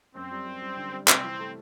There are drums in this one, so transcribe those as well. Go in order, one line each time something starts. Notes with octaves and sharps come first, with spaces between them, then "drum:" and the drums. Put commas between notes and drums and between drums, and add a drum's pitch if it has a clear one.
F#2 C4
G3
G3
G3
D3
G3
C3 C4, drum: clap
E3
A3